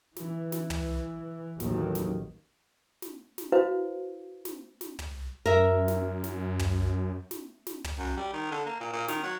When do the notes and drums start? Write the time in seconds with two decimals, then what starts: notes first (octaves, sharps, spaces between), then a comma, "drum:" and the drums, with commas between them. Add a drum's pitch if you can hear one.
0.16 E3, drum: snare
0.52 drum: snare
0.70 drum: tom
1.60 A1 D#2 D#3 F#3, drum: snare
1.95 drum: snare
3.02 drum: snare
3.38 drum: snare
3.52 E4 F#4 B4 C5 F5
4.45 drum: snare
4.81 drum: snare
4.99 drum: tom
5.46 F#2 A#4 E5
5.88 drum: snare
6.24 drum: snare
6.59 drum: tom
7.31 drum: snare
7.67 drum: snare
7.84 drum: tom
7.98 F#2
8.17 G3
8.33 D#3
8.51 D3
8.66 A#3
8.80 A#2
8.93 A#2
9.08 D#3, drum: snare
9.24 F#3